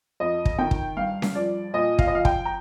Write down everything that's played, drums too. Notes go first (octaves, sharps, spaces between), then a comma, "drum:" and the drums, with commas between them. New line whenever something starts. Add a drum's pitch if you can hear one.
F2 D#5
drum: kick
D#3 G5
drum: kick
G2 F5
drum: snare C#4
F3 D5
A#2 D#5
F5, drum: kick
D#5
F3 F5
G5, drum: kick
A#5